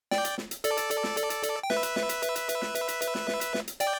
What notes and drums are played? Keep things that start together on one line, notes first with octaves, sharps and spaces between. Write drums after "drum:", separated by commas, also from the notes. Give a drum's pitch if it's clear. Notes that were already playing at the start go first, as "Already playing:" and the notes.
D5 G5, drum: snare
drum: hi-hat
drum: snare
drum: hi-hat
A4 D5, drum: hi-hat
drum: hi-hat
drum: hi-hat
drum: snare
drum: hi-hat
drum: hi-hat
drum: hi-hat
G5
B4 E5, drum: snare
drum: hi-hat
drum: snare
drum: hi-hat
drum: hi-hat
drum: hi-hat
drum: hi-hat
drum: snare
drum: hi-hat
drum: hi-hat
drum: hi-hat
drum: snare
drum: snare
drum: hi-hat
drum: snare
drum: hi-hat
D5 G5, drum: hi-hat